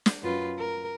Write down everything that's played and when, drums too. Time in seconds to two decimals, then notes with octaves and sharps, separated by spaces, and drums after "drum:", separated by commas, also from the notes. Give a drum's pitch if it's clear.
0.06 drum: snare
0.23 F#2 F4 B4
0.58 A#4